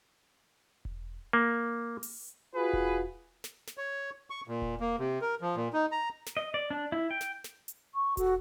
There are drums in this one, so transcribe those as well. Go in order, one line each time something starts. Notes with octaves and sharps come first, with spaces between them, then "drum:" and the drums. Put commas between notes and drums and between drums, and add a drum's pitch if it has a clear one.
drum: kick E1
A#3
drum: open hi-hat
F4 F#4 G#4 B4
drum: kick E1
drum: snare
drum: snare
C#5
C#6
A#2
drum: kick E1
A#3
C3
A#4
F3
A#2
D#4
A#5
drum: snare
D#5
D5
D4
E4
G5
drum: snare
drum: snare
drum: hi-hat
C#6
F#4 A4, drum: kick E1, hi-hat